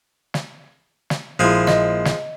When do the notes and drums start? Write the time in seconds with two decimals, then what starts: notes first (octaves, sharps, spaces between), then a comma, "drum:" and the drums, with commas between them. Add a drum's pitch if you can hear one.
0.34 drum: snare
1.10 drum: snare
1.39 A#1 F3 G#3 E4 G#5
1.67 D#5, drum: snare
2.05 drum: snare